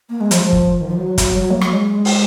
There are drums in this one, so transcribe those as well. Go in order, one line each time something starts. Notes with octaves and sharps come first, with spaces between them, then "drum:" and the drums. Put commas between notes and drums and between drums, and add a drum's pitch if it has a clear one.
A#3
G#3
F3, drum: hi-hat
F3
drum: kick G1
D#3
F3
F#3
F#3, drum: kick G1, hi-hat
F#3
A#3
F#3, drum: rim click
G#3
drum: open hi-hat